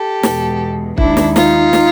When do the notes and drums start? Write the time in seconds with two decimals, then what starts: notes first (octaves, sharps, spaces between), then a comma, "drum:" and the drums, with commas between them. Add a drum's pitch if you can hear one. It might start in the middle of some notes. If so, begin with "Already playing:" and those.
Already playing: G4 A4
0.23 E2 B2 G#3, drum: snare
0.98 D#2 D#3 G#3 D4 E4, drum: kick
1.17 drum: snare
1.36 D#4 F4, drum: snare
1.73 drum: snare